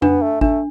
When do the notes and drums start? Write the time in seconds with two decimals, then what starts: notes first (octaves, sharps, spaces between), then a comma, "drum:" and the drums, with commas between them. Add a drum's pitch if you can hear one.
0.02 B3 D4, drum: tom F2
0.22 A3
0.41 A3 D4, drum: kick G#1